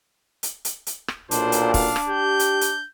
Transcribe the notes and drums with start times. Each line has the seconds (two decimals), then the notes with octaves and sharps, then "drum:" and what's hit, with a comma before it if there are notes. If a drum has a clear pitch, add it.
0.43 drum: hi-hat
0.65 drum: hi-hat
0.87 drum: hi-hat
1.08 drum: rim click
1.31 B1 A#2 D4 C5, drum: hi-hat
1.52 drum: hi-hat
1.74 F5, drum: kick, open hi-hat
1.96 drum: rim click
2.09 G4 G6
2.39 drum: hi-hat
2.61 drum: hi-hat